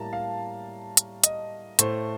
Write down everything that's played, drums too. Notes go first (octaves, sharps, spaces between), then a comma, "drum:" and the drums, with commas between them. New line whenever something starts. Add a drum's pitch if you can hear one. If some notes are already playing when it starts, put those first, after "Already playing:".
Already playing: A2 G3 A#3 A5 A#5
F5
drum: hi-hat
D#5, drum: hi-hat
A2 A3 C5, drum: hi-hat